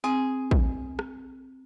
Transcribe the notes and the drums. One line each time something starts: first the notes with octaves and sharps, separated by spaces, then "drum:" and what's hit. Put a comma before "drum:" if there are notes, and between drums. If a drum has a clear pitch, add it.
C4 G#4
drum: kick
drum: rim click